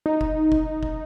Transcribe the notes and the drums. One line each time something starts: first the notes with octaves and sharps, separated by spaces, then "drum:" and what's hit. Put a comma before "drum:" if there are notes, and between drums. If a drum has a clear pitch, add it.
D#4
drum: kick F1
drum: kick F1
drum: kick F1